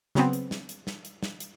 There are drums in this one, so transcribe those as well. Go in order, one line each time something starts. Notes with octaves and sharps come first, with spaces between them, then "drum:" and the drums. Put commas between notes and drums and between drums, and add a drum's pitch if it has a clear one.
C#3 F#3 B3 C4, drum: snare
drum: hi-hat
drum: snare
drum: hi-hat
drum: snare
drum: hi-hat
drum: snare
drum: hi-hat